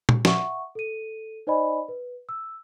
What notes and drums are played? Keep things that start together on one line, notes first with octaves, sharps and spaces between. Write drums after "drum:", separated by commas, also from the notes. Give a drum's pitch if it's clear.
drum: tom
E5 F#5 C#6, drum: snare
A4 D#7
D#4 C5 D5 D#5 G#5 B5
B4
E6